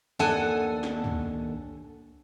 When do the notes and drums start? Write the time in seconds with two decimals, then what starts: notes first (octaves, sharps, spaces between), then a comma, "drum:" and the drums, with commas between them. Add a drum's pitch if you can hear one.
0.19 D#2 D4 A4 F#5 G#5 A5
0.83 drum: snare
1.04 drum: tom